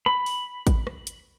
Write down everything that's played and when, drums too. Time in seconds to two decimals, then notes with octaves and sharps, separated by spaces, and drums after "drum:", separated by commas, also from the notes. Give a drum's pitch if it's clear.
0.06 B5, drum: rim click
0.26 drum: open hi-hat
0.67 drum: kick, hi-hat
0.87 drum: rim click
1.07 drum: hi-hat